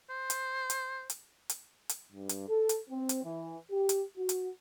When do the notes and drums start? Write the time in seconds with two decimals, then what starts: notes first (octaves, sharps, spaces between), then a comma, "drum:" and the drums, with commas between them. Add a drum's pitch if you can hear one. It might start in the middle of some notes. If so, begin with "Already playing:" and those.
0.10 C5
0.30 drum: hi-hat
0.70 drum: hi-hat
1.10 drum: hi-hat
1.49 drum: hi-hat
1.89 drum: hi-hat
2.13 G2
2.29 drum: hi-hat
2.48 A4
2.69 drum: hi-hat
2.90 C4
3.09 drum: hi-hat
3.24 E3
3.70 G4
3.89 drum: hi-hat
4.17 F#4
4.29 drum: hi-hat